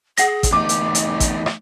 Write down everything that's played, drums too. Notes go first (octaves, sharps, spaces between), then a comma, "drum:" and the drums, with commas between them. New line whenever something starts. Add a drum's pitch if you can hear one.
G#4 F#5 A#6, drum: hi-hat
drum: kick, hi-hat
E2 A3 D#4 D6
drum: hi-hat
drum: hi-hat
drum: kick, hi-hat
drum: rim click